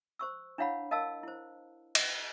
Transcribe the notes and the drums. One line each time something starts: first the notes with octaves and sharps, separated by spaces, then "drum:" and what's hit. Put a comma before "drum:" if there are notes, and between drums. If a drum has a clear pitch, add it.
C5 C#6 E6
D4 E4 C#5 F5 F#5 B5
A#4 D#5 F5 A5 E6
E4 C5
D#5, drum: cymbal